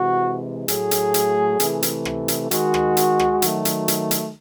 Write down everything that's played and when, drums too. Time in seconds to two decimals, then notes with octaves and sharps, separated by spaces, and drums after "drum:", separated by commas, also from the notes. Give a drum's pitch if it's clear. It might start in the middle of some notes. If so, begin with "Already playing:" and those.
Already playing: C3 E3 G#3 F#4
0.68 A2 F#3 A3 G#4, drum: hi-hat
0.91 drum: hi-hat
1.14 drum: hi-hat
1.60 C3 E3 A3, drum: hi-hat
1.83 drum: hi-hat
2.05 drum: rim click
2.28 drum: hi-hat
2.51 D#3 G#3 F#4, drum: hi-hat
2.74 drum: rim click
2.97 drum: hi-hat
3.19 drum: rim click
3.42 D#3 F#3 A3, drum: hi-hat
3.65 drum: hi-hat
3.88 drum: hi-hat
4.11 drum: hi-hat